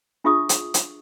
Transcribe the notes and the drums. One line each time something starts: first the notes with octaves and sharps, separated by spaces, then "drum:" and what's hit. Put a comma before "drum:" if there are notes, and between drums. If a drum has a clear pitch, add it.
D4 F4 G#4 E5 C#6 D#6
drum: hi-hat
drum: hi-hat